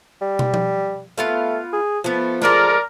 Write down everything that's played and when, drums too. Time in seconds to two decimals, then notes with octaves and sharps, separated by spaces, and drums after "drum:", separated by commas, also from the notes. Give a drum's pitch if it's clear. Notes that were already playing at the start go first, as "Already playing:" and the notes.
0.21 G3
0.39 drum: tom
0.54 drum: tom F3
1.18 A3 B3 F4 F5
1.73 G#4
2.04 F3 A3 B3
2.42 G#3 A3 A#4 D5, drum: snare